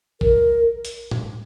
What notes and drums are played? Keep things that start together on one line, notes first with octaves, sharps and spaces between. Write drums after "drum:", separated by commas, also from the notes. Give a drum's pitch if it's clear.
A#4, drum: kick A#1
drum: hi-hat
drum: tom A2